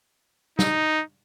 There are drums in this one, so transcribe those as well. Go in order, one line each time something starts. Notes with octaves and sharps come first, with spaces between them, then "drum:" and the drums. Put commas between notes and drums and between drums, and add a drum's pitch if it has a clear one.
D#4, drum: snare